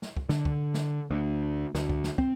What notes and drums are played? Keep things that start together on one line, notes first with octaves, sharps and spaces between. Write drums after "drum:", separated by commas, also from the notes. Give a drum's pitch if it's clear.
drum: snare
drum: kick
D3, drum: snare
drum: kick
drum: snare
D2
D2, drum: snare
drum: kick
drum: snare
C4, drum: kick